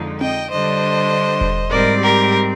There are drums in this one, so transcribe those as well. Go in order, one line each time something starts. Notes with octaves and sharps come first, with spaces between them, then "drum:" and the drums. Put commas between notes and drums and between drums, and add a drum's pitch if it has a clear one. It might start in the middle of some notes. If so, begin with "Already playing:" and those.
Already playing: F2 D3 F3 G#3 D#4
D#5 G5, drum: tom C4
D3 G3 D4 C5 D#5
drum: kick E1
G#2 G3 C4 A#4 D5
G4 A#4